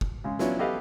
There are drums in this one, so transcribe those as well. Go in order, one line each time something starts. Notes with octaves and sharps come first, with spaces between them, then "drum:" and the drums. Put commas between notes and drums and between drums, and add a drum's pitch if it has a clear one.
drum: kick
C#3 G#3
F#3 B3 C#4 D4 E4 F4, drum: snare
B3 G4 A4 B4 D#5 F5